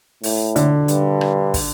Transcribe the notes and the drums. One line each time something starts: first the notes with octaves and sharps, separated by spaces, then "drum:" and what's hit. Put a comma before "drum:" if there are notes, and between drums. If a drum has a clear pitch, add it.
A2, drum: open hi-hat
D3, drum: hi-hat
G2, drum: hi-hat
drum: rim click
drum: kick, open hi-hat